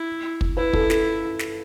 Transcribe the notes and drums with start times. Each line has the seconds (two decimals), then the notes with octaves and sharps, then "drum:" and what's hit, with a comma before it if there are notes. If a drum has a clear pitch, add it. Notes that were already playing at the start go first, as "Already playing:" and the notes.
Already playing: E4
0.41 drum: kick
0.57 E4 B4
0.73 A4, drum: kick
0.90 A4, drum: snare
1.39 drum: snare